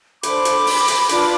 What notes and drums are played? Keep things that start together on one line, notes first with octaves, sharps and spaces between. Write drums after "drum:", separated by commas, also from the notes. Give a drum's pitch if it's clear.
D4 A4 C5 B5 D6, drum: hi-hat
drum: hi-hat
drum: open hi-hat
drum: hi-hat
D4 F4 B4, drum: hi-hat